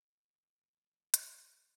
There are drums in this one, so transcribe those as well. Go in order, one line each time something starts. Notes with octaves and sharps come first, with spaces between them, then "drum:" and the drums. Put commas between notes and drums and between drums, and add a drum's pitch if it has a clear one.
E2 G3 G#3
drum: hi-hat